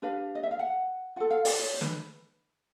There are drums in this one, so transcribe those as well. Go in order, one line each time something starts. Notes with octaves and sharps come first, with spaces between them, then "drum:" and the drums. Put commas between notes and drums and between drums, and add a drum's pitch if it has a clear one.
D4 G4 B4 F5
D#5
E5
F5
F#5
F4 A4 F#5
F5
D5, drum: open hi-hat
C#5
C5
B4, drum: snare